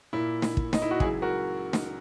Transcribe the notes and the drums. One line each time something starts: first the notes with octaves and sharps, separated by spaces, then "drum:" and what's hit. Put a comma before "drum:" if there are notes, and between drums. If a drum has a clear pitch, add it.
A#2 A#3 E4
drum: snare
drum: kick
D#4, drum: snare
E4
F#4
C#2 C#3 F#3 E4 G#4, drum: kick
F#4 A#4
drum: snare